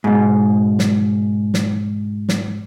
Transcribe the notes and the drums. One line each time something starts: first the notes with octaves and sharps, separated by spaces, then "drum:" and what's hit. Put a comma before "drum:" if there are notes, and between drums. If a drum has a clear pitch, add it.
G#2 B2
drum: snare
drum: snare
drum: snare